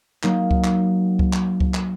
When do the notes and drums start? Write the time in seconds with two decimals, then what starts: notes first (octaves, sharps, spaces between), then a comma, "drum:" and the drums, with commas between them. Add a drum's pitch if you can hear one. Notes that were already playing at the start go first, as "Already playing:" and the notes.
0.23 F#3 A#3 D#4, drum: clap
0.51 drum: kick C#2
0.64 drum: clap
1.19 drum: kick C#2
1.33 drum: clap
1.60 drum: kick C#2
1.74 drum: clap